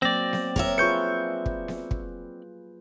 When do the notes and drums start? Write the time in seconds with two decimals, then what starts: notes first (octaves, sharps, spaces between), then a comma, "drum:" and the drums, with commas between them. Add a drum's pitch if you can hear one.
0.02 F#3 A#3 C4 D5 G5 A#6
0.33 drum: snare B3
0.56 A#4 C5 C#5 E5, drum: kick
0.78 F4 G#4 B4 C#6 G6 C#7
1.46 drum: kick
1.68 drum: snare B3
1.91 drum: kick